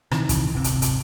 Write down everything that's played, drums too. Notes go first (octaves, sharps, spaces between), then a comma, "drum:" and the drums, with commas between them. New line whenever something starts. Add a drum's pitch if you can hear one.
C3 D#3 E3, drum: rim click
drum: kick, hi-hat
D1 G1 C3
drum: hi-hat
drum: hi-hat